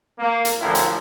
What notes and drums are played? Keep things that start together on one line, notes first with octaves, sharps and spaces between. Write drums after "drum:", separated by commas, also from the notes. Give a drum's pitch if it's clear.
A#3
drum: hi-hat
A1 D2 F3 E4 A#4
drum: hi-hat